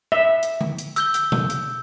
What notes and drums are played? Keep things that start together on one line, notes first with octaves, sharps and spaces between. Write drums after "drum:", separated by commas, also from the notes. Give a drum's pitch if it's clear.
E5
drum: hi-hat
drum: tom D3
drum: hi-hat
E6 G6 G7, drum: hi-hat
drum: hi-hat
drum: tom B2
drum: hi-hat